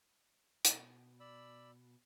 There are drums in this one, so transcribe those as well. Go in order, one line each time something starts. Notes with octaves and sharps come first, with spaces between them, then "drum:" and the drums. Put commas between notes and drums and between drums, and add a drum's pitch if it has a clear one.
B2, drum: hi-hat
D5 B5 E6